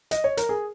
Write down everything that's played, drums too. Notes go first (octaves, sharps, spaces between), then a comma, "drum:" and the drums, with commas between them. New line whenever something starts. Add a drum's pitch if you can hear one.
D#5, drum: hi-hat
C#5
A#4, drum: hi-hat
G#4